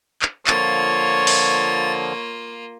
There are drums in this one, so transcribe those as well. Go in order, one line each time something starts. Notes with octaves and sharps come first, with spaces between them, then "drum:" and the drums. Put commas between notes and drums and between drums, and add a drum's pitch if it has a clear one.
drum: clap
D3 F3 A#3 F4 C#5 A6, drum: clap
drum: open hi-hat